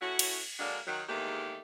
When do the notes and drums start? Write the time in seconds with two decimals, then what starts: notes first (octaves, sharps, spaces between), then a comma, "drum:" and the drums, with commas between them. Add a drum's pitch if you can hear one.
0.01 A2 C#4 E4 F#4
0.19 drum: cymbal
0.59 D3 F#3 G#3 A#3 D4
0.86 D#3 F#3
1.08 E2 G#2 D#3 A3 A#3 G4